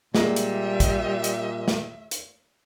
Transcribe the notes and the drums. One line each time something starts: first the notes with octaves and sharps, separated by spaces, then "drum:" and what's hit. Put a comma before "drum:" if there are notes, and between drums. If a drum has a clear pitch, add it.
A#2 G3 G#3 A#3 E5, drum: snare
drum: hi-hat
drum: kick, hi-hat
drum: hi-hat
drum: snare
drum: hi-hat